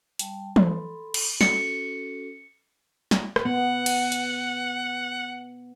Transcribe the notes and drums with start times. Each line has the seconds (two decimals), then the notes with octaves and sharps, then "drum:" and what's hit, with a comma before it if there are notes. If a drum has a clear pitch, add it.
0.19 G3 G5 A5, drum: hi-hat
0.56 A4 B5 C6, drum: tom
1.14 drum: cymbal
1.41 C#4 F#4 A4 C#7, drum: snare
3.11 drum: snare
3.36 drum: rim click
3.45 B3 F#5
3.86 drum: cymbal
4.12 drum: hi-hat